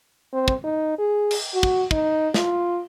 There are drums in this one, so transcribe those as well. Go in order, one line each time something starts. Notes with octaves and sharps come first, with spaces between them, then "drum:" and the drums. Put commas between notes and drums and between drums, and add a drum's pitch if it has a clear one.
C4
drum: kick
D#4
G#4
drum: cymbal
F#4
drum: kick
D#4, drum: kick
F4, drum: snare